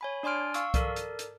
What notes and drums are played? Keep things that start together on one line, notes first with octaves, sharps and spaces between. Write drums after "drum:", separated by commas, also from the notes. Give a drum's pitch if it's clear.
C#5 G#5 B5
D4 D5 G#5 C6 F6 D7
F5 C#6 E6, drum: hi-hat
A4 A#4 D5, drum: kick C2, hi-hat
drum: hi-hat
drum: hi-hat